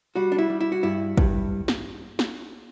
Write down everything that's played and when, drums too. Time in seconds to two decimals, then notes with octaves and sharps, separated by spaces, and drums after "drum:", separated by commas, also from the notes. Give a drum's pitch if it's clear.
0.16 G3 F#4
0.32 D4
0.38 E4
0.50 G3
0.61 E4
0.72 F#4
0.83 G2 E4
1.17 G2, drum: kick
1.68 drum: snare
2.19 drum: snare